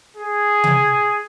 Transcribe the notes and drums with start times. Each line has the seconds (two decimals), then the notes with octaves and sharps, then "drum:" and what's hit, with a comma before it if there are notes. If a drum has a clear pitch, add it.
0.16 G#4
0.64 drum: tom C3